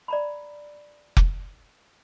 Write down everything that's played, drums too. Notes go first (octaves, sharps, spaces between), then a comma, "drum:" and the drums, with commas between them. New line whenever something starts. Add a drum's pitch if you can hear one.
D5 A#5 B5
drum: kick F1